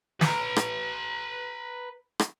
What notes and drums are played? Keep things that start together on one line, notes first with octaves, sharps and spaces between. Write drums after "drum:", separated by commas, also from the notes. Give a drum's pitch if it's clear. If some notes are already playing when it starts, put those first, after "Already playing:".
B4 A#5, drum: snare
drum: rim click
drum: rim click